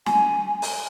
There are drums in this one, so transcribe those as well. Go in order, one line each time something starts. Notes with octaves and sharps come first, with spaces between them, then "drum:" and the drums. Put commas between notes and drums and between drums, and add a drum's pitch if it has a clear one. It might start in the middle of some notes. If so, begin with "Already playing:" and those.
G#5, drum: snare
drum: open hi-hat